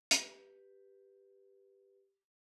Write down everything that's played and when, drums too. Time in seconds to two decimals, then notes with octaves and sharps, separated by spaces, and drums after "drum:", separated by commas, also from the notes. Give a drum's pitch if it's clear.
0.11 G4 B4, drum: hi-hat